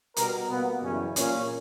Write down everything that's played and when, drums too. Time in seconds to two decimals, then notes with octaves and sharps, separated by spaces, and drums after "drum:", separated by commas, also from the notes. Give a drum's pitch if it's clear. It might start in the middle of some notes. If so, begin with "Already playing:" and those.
0.16 B2 G3 B3 A#4, drum: hi-hat
0.49 B2 A#3 B3
0.82 F#2 C#3 E3 G3 C#4
1.16 A#2 A#3 C#4, drum: hi-hat